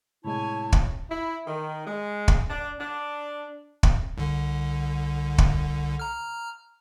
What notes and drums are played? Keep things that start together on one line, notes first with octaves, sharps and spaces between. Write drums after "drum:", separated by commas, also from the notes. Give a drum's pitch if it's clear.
A2 C3 G#3 E4 C#5 G#5 A5
drum: kick
E4
D#3
G#3
drum: kick
D4
D4
drum: kick
C2 D3
drum: kick
A#5 F6